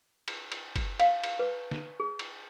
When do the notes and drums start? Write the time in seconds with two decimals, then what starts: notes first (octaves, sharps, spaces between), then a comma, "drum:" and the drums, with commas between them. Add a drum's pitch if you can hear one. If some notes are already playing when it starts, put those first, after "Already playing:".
0.28 drum: cymbal
0.52 drum: cymbal
0.76 drum: kick F#1, cymbal
1.00 F5, drum: cymbal
1.24 drum: cymbal
1.39 B4
1.71 drum: snare
2.00 G#4
2.19 drum: cymbal